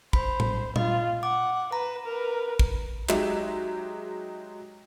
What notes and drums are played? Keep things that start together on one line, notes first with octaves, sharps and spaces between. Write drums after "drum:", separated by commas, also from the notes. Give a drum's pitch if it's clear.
C5 B5, drum: kick
drum: tom A2
F4 D#5, drum: tom A#2
F#5 D6
B4 A#5
A#4 B4
drum: kick
F#3 G#3 D#4 G4 E5, drum: clap